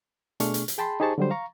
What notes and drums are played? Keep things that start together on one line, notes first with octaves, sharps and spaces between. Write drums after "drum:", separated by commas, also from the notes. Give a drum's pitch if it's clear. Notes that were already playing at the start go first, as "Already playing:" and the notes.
B2 A3 D4 G#4 C#6 F6, drum: hi-hat
drum: hi-hat
drum: hi-hat
G#4 G5 A5 B5 C6
D#4 G4 G#4 C5 A5 C#6
D3 F#3 G3 C5
F5 A#5 C#6